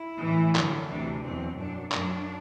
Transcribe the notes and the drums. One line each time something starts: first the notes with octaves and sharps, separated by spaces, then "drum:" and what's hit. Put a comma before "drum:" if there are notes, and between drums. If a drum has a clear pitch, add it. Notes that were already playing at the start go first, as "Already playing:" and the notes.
Already playing: E4
A2 E3
F#2 D3 F#3, drum: clap
D2 C3 E3 D4
E2 B2 F#3 C4
F#2 F#3 D4
F#2 F#3 D4, drum: clap